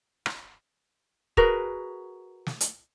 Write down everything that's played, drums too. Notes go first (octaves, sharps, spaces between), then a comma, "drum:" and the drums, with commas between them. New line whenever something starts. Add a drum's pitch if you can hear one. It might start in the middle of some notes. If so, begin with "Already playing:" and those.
drum: rim click
F#4 G#4 A#4 B4, drum: kick
drum: snare
drum: hi-hat